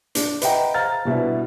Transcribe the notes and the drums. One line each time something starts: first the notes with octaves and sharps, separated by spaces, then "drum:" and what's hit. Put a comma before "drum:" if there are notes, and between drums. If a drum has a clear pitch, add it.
D4, drum: hi-hat
B4 D#5 E5 F#5 G5 A#5, drum: hi-hat
C5 F5 A#5 F6 A6
G2 B2 E4